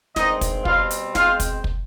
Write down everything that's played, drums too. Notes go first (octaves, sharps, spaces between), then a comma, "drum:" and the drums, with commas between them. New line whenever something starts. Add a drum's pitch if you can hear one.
G2 D#3 G#3 C4 D#4 D#5, drum: snare
drum: kick, hi-hat
B2 G3 C4 F4 F5, drum: kick
drum: hi-hat
B2 G#3 C4 F4 F5, drum: snare
drum: kick, hi-hat
drum: kick